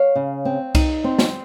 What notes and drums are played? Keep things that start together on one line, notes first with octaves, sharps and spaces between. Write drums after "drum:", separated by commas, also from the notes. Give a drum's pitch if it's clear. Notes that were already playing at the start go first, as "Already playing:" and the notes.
Already playing: C#5 F5
C#3
C4
D#4, drum: kick C2, cymbal
C4
drum: snare